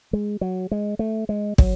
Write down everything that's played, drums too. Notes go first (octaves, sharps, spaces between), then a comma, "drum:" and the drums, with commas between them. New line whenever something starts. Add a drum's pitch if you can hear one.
G#3
F#3
G#3
A3
G#3
F#3, drum: kick